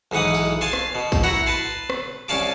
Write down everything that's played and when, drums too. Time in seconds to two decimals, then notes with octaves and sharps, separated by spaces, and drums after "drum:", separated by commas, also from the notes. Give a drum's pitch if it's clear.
0.11 B1 G#2 E3 F#5 D#6
0.34 drum: tambourine
0.61 F5 G#5 A5 C6
0.73 drum: rim click
0.95 B2
1.12 drum: kick, tambourine
1.23 E4 F#4 F#5 A#5
1.46 B4 A5 C6
1.90 drum: rim click
2.28 C2 C#4 D5 F5 A5 D6